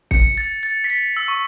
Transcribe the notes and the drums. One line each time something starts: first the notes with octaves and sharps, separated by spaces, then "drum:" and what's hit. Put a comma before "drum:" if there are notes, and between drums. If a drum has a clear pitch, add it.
C#7, drum: kick
A6
A6
B6
A6
E6
C#6